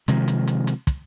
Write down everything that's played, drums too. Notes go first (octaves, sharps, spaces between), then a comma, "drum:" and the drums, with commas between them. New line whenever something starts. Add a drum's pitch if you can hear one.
C3 D#3 F3 G#3, drum: hi-hat
drum: hi-hat
drum: hi-hat
drum: hi-hat
drum: kick, hi-hat